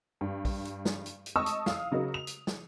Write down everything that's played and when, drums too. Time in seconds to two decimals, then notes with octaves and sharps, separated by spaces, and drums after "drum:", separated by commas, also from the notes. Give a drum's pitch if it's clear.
0.21 G2
0.45 drum: kick, open hi-hat
0.65 drum: hi-hat
0.85 drum: snare
1.06 drum: hi-hat
1.26 drum: hi-hat
1.36 D#5 A5 C#6 D#6 E6
1.46 drum: hi-hat
1.66 F5 D#6, drum: snare
1.92 C#3 F#3 D#4 A#4
2.14 F7
2.27 drum: hi-hat
2.47 drum: snare